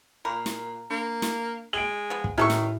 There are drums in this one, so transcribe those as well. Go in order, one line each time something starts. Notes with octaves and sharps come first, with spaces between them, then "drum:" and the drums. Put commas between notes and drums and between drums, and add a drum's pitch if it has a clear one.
A#2 A#4 B5
drum: snare
A#3 D4
drum: snare
G#3 D7 F#7
F3 B3
drum: kick
A2 D#3 C#4 E4 G#4 A4 C#6
drum: snare